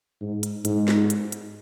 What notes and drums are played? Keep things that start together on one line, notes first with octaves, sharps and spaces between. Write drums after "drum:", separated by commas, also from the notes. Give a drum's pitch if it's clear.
G#2
drum: hi-hat
G#2, drum: hi-hat
drum: snare
drum: hi-hat
drum: hi-hat